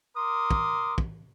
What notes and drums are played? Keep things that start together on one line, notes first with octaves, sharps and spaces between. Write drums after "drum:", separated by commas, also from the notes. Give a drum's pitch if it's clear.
A#4 C6 D6 D#6
drum: kick
drum: kick